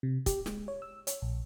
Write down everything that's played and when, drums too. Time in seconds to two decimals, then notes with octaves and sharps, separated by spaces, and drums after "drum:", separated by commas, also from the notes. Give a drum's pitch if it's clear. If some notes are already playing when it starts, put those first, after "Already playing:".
0.03 C3
0.26 G4, drum: kick, hi-hat
0.46 G#3, drum: snare
0.68 C#5
0.82 E6
1.07 C#5, drum: hi-hat
1.22 A#1